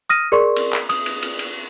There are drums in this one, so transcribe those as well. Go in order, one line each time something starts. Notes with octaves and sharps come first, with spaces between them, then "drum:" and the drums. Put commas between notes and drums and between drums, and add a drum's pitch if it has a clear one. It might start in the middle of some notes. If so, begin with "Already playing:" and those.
D#6 F6 A#6 D#7
G#4 A#4 D5 C6 C#6
drum: cymbal
drum: clap
D#6, drum: cymbal
drum: cymbal
drum: cymbal
drum: cymbal